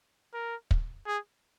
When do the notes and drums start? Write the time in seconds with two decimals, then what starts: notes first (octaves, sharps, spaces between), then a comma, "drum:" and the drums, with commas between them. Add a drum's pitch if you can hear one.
0.34 A#4
0.71 drum: kick
1.06 G#4